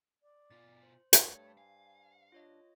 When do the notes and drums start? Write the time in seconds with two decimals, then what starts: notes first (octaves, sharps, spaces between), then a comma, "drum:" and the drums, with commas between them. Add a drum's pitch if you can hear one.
0.23 D5
0.50 B2 F4 A6
0.83 C5
1.13 G2 A3 C#5, drum: hi-hat
1.57 F5 G#5
2.32 D4 F4 C#5 D#5